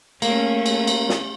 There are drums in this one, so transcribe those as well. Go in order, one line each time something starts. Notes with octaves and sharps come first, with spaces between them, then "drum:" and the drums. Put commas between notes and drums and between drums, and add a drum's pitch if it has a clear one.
A3 A#3 C#4, drum: cymbal
drum: cymbal
drum: cymbal
drum: snare